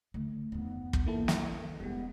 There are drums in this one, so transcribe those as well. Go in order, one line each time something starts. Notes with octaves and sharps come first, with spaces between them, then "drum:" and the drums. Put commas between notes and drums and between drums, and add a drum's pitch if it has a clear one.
D3 A3
F2 D#3 B3
drum: kick
F#1 E3 A#3 E4 A4
drum: snare
E1 G3 G#3 B3